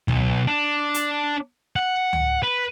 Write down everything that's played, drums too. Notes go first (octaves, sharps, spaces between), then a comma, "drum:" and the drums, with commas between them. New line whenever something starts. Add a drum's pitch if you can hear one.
B1, drum: tom C#2
D4
drum: hi-hat
F#5
drum: tom C#2
B4